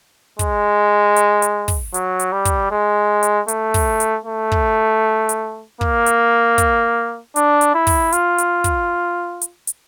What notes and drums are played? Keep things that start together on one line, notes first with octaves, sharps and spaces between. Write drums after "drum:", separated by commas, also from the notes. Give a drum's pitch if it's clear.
G#3, drum: kick, hi-hat
drum: hi-hat
drum: hi-hat
drum: kick, open hi-hat
F#3, drum: hi-hat
drum: hi-hat
G3
drum: kick, hi-hat
G#3
drum: hi-hat
A3, drum: hi-hat
drum: kick, open hi-hat
drum: hi-hat
A3
drum: kick
drum: hi-hat
A#3, drum: kick
drum: hi-hat
drum: kick, hi-hat
D4, drum: hi-hat
drum: hi-hat
E4
drum: kick, open hi-hat
F4, drum: hi-hat
drum: hi-hat
drum: kick, hi-hat
drum: hi-hat
drum: hi-hat